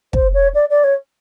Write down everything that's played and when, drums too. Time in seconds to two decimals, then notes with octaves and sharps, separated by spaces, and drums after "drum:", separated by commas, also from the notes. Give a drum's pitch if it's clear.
0.13 C5, drum: kick
0.34 C#5
0.54 D5
0.69 D5
0.83 C#5